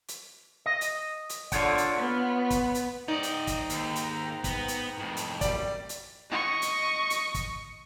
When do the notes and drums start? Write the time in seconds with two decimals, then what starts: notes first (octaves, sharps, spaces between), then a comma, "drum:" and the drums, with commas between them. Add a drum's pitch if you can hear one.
0.09 drum: hi-hat
0.66 D#5
0.81 drum: hi-hat
1.30 drum: hi-hat
1.52 D3 F4 C#5 F#5, drum: kick, hi-hat
1.78 drum: hi-hat
1.98 B3
2.51 drum: kick, hi-hat
2.75 drum: hi-hat
3.08 G#2 D#4 D5 D#5 G5 A#5
3.23 drum: hi-hat
3.47 drum: kick, hi-hat
3.70 D#2, drum: hi-hat
3.96 drum: hi-hat
4.44 B3, drum: kick, hi-hat
4.68 drum: hi-hat
4.97 F2 A2
5.17 drum: hi-hat
5.41 F#2 G3 D5, drum: kick, hi-hat
5.89 drum: hi-hat
6.30 D#5 C#6
6.62 drum: hi-hat
7.10 drum: hi-hat
7.35 drum: kick, hi-hat